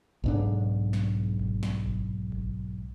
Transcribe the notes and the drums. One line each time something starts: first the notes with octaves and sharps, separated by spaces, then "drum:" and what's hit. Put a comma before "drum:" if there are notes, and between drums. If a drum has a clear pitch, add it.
B1 G#2 D4
drum: snare
drum: kick G#1
drum: snare
drum: kick G#1
drum: kick G#1